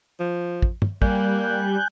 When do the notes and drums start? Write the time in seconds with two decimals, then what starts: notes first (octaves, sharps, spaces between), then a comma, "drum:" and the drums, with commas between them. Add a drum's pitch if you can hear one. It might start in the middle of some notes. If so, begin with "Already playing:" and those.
0.20 F3
0.62 drum: kick
0.82 drum: tom
1.02 G3 A#3 G#5 F#6 G6, drum: kick